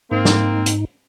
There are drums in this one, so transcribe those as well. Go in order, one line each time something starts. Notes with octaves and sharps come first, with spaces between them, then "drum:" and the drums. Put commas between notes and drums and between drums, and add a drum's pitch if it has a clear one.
G#2 A#3 C4 D#4
drum: snare
drum: hi-hat